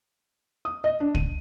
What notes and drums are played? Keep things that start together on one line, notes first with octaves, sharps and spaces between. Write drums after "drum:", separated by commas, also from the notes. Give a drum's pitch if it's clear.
D#6
D#5
D4
D#7, drum: kick